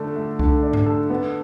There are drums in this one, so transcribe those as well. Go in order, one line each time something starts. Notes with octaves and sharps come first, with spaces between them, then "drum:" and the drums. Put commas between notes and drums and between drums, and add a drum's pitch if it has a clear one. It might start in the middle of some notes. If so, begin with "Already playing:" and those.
Already playing: D3 A3 D4 A4
A3
D3, drum: kick C2
D4
drum: tom G#2
A4
B3